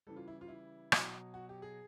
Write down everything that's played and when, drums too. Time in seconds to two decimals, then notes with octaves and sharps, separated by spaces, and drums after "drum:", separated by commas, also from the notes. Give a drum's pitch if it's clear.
0.07 C#3 E3 G3 A4
0.16 F4
0.28 E4
0.41 F4
0.48 E4
0.92 B2 F#3, drum: rim click
1.34 F#4
1.49 G4
1.62 G#4